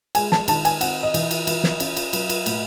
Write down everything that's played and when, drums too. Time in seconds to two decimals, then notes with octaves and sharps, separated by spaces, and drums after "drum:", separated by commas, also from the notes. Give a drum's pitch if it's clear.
0.15 G#3 G#5, drum: cymbal
0.32 A5, drum: snare
0.48 D#3 A5, drum: cymbal
0.65 G#5, drum: cymbal
0.81 C4 F#5, drum: cymbal
1.03 D#5
1.14 E3, drum: cymbal
1.31 drum: cymbal
1.47 E3, drum: cymbal
1.64 drum: snare
1.80 C#4, drum: cymbal
1.97 drum: cymbal
2.13 F#3, drum: cymbal
2.29 drum: cymbal
2.46 A2, drum: cymbal